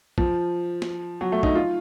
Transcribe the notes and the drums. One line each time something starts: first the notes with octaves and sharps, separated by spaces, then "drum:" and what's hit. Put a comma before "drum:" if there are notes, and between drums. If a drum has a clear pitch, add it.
F3, drum: kick
drum: snare
F#3
A3
D#4, drum: kick
F4